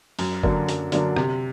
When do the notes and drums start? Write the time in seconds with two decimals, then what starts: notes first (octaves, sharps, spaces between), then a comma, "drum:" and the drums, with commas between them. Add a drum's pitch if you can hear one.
0.19 F#2, drum: open hi-hat
0.43 D3 F#3 A#3 D4, drum: kick
0.69 F#2, drum: hi-hat
0.92 D3 F#3 A#3 D4, drum: hi-hat
1.17 C3, drum: rim click